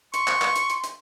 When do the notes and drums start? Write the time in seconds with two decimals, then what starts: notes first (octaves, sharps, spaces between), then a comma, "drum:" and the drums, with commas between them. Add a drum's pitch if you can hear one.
0.14 C6 C#6, drum: hi-hat
0.28 drum: clap
0.42 drum: clap
0.56 drum: hi-hat
0.70 drum: hi-hat
0.84 drum: hi-hat